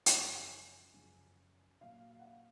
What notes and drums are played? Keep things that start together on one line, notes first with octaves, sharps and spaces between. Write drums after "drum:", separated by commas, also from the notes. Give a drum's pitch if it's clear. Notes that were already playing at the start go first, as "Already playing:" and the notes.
F#2 C#3 F3 A#5, drum: hi-hat
G#5
F#5
G#5
F#2 C#3 F3
A#2 F#3 F5
F#5
F5